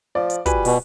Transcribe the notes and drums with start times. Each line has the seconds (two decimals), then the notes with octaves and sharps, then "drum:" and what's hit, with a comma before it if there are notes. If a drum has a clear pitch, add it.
0.15 F3 D5
0.30 drum: hi-hat
0.46 G3 F4 F#4 B4 G#5, drum: kick, hi-hat
0.65 B2, drum: open hi-hat